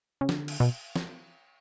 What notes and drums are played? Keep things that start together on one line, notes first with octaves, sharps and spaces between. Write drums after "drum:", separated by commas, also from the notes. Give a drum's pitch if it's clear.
C#3
D3, drum: snare
drum: cymbal
B2
drum: snare